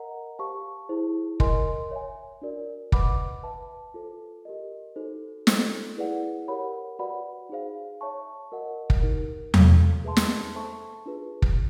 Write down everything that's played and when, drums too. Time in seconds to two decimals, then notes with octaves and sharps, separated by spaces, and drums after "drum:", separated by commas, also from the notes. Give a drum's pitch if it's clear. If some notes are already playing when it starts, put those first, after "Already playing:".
Already playing: A#4 D#5 F#5 A#5
0.39 G4 C5 F5 A5 C#6
0.89 E4 G#4 C5
1.40 A#4 D#5 G#5 C6, drum: kick
1.91 C#5 E5 G#5
2.42 D4 F#4 A#4 D5
2.92 B4 D#5 F#5 B5 D6, drum: kick
3.43 B4 E5 A5
3.94 F4 A4 C5
4.45 G4 A#4 D#5
4.96 D#4 F#4 A4 C5
5.47 F4 A4 C5, drum: snare
5.97 E4 G#4 B4 D5 F#5
6.48 G4 A#4 C#5 F#5 B5
6.99 F#4 B4 D5 F#5 B5
7.49 D#4 G#4 C5 F5
8.01 C#5 E5 A5 C#6
8.52 F#4 A#4 D#5 F#5
8.90 drum: kick
9.02 D#4 G4 A#4
9.54 F#4 A4 C#5 F5, drum: tom E2
10.04 G#4 B4 E5 A5 C6
10.17 drum: snare
10.55 A4 C5 E5 A5 C#6
11.06 D4 F4 G#4 B4
11.42 drum: kick